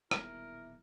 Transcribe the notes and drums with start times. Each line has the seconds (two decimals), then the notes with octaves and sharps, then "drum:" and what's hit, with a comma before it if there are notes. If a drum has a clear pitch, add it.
0.11 D#1 B1 E2 E4 A#4, drum: rim click